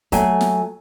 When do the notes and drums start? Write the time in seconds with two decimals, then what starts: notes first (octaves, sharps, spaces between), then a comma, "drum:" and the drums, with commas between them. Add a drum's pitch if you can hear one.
0.12 F#3 A3 G#5, drum: kick, hi-hat
0.41 drum: snare